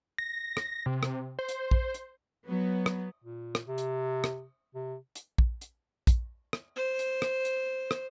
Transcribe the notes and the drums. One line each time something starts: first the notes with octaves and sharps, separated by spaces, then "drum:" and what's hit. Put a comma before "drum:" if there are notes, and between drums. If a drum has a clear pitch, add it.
A#6
drum: rim click
C3
drum: rim click
C5
drum: hi-hat
drum: kick
drum: hi-hat
F#3 B3
drum: rim click
A#2
drum: rim click
C3
drum: hi-hat
drum: rim click
C3
drum: hi-hat
drum: kick
drum: hi-hat
drum: kick, hi-hat
drum: rim click
C5
drum: hi-hat
drum: rim click
drum: hi-hat
drum: rim click